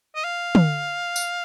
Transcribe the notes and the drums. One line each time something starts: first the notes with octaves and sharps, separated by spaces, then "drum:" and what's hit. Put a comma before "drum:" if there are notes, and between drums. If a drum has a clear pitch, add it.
D#5
F5
drum: tom
drum: tambourine